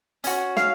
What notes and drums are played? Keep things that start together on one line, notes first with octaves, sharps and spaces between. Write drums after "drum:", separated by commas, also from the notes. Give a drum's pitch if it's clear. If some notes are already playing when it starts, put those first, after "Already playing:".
C#4 F#4, drum: hi-hat
F5, drum: snare